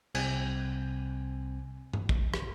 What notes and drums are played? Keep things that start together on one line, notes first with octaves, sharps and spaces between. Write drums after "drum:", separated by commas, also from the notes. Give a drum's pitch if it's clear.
C2 C4 G#5, drum: cymbal
drum: tom G2
drum: kick
drum: rim click